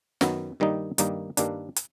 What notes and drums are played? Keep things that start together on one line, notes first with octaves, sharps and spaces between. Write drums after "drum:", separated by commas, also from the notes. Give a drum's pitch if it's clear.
F#2 D#3 F#3 B3, drum: snare
G2 D#3 G3 A#3 D#4
G2 D#3 G3 A#3 D#4, drum: hi-hat
G2 D#3 G3 A#3 D4, drum: hi-hat
drum: hi-hat